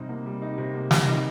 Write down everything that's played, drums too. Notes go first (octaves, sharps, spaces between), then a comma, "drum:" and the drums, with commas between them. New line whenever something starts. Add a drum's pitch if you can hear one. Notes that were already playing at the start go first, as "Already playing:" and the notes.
Already playing: C3 G3 D#4
A#3
G3
D#4
C3
A#3
G3, drum: snare
D#4